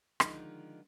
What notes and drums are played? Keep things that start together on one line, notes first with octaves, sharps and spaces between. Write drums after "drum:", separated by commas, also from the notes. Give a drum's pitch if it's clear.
D3 D#3 F3 G#3 D#4, drum: rim click